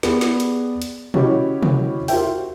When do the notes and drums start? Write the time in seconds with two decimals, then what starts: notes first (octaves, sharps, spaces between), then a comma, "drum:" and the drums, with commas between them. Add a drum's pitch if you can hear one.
0.03 B3 G4 G#4 B4 D5, drum: snare
0.21 drum: snare
0.40 drum: hi-hat
0.82 drum: hi-hat
1.14 C#4 E4 F#4 G4 C#5 D#5, drum: tom B2
1.63 drum: tom C3
2.08 F4 G4 A#4 C5 E5 G5, drum: open hi-hat
2.26 F#4